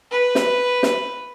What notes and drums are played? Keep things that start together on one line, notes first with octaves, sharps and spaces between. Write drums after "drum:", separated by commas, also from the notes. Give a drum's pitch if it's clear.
B4
drum: snare
drum: snare